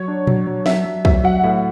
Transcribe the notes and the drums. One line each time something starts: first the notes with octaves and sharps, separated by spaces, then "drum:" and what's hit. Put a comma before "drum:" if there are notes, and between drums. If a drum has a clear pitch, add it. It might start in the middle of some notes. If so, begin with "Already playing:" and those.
Already playing: F#3 C#5
D4
F#3, drum: tom A#2
F#3
F#3 E5, drum: snare
F#3
F#3 E5, drum: kick
F#3 F#5
A2 E5